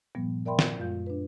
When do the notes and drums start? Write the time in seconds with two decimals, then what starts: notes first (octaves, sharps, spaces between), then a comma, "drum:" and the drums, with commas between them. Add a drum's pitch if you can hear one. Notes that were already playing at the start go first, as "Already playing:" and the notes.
0.15 G2 A#2 F3 G3 B3
0.46 A#4 D5 E5 G5 B5 C6
0.59 drum: snare
0.78 F#2 G#3 F4 F5 G6
1.07 D4 B4